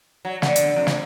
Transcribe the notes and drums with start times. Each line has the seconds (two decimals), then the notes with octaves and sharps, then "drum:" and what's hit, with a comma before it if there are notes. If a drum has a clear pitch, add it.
0.25 F#3
0.42 D3, drum: snare
0.56 drum: hi-hat
0.76 F2
0.87 drum: snare